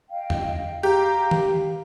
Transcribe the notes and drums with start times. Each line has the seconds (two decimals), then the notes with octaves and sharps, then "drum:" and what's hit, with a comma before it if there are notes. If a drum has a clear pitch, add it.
0.10 D#5 F5 G5
0.30 drum: tom E2
0.83 G4 F5 A#5
1.31 drum: tom D#3